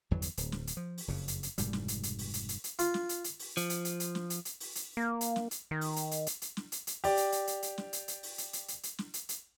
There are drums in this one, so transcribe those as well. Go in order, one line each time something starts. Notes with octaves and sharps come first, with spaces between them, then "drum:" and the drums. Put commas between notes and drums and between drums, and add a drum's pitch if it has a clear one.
G1 E2 E3 F#3
drum: hi-hat
D1, drum: hi-hat
drum: snare
drum: hi-hat
F3
drum: open hi-hat
F#1 F2 C#3
drum: hi-hat
drum: hi-hat
F1 G#2 B2 G3, drum: hi-hat
drum: snare
drum: hi-hat
drum: hi-hat
drum: open hi-hat
drum: hi-hat
drum: hi-hat
drum: hi-hat
F4, drum: hi-hat
drum: snare
drum: hi-hat
drum: hi-hat
drum: open hi-hat
F3, drum: hi-hat
drum: hi-hat
drum: hi-hat
drum: hi-hat
drum: snare
drum: hi-hat
drum: hi-hat
drum: open hi-hat
drum: hi-hat
A#3
drum: hi-hat
drum: snare
drum: hi-hat
D#3
drum: open hi-hat
drum: hi-hat
drum: hi-hat
drum: hi-hat
drum: hi-hat
drum: snare
drum: hi-hat
drum: hi-hat
G4 D5, drum: open hi-hat
drum: hi-hat
drum: hi-hat
drum: hi-hat
drum: hi-hat
drum: snare
drum: hi-hat
drum: hi-hat
drum: open hi-hat
drum: hi-hat
drum: hi-hat
drum: hi-hat
drum: hi-hat
drum: snare
drum: hi-hat
drum: hi-hat